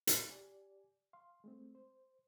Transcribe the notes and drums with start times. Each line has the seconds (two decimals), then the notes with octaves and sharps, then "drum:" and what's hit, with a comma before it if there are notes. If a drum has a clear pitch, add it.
0.07 drum: hi-hat
0.30 G4 D5 G#5
1.13 F5 C6
1.44 G#3 A3 C4
1.75 C5